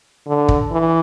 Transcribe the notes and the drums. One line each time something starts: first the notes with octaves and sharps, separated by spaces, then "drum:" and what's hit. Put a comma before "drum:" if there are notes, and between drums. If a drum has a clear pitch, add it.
D3
drum: kick
E3